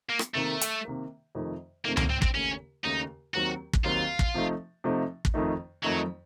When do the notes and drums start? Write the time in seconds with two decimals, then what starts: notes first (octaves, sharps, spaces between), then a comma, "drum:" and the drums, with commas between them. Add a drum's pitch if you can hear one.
0.10 A#3
0.19 drum: rim click
0.35 C3 D#3 A3 A#3
0.61 drum: hi-hat
0.85 C3 D#3 A#3
1.35 F2 C3 D#3 A3 D#4
1.85 F2 C3 D#3 A3 A#3 D#4
1.97 A#3, drum: tom C#2
2.10 C4
2.22 C4, drum: kick
2.34 D#2 C#3 A3 C#4
2.84 D#2 C#3 A3 D#4
3.34 D#2 D#3 F#3 C4 F#4
3.73 drum: kick
3.84 D#2 D#3 F#3 C4 F4
4.19 drum: kick
4.34 C3 F3 A3 D#4
4.84 C3 F3 A3 D#4
5.25 drum: kick
5.34 F2 D#3 A3 D#4
5.84 F2 D#3 F#3 A3 D#4